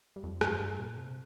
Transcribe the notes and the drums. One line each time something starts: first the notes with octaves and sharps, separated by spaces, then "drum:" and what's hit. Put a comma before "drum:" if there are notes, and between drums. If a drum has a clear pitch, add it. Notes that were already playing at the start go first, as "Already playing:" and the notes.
G2
F2
G2, drum: rim click
G2
A#2
C3